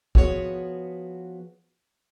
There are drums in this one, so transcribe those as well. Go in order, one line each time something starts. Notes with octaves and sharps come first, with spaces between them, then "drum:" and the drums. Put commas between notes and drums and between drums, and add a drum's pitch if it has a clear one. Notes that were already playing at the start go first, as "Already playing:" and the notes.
F3 B3 F#4 G#4 B4 C#5, drum: kick